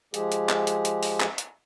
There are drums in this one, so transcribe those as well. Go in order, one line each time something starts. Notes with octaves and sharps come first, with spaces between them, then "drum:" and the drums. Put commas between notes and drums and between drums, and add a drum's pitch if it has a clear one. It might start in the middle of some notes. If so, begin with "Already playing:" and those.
F3 G#3 G4 G#4, drum: hi-hat
drum: hi-hat
drum: clap
drum: hi-hat
drum: hi-hat
drum: open hi-hat
drum: clap
drum: hi-hat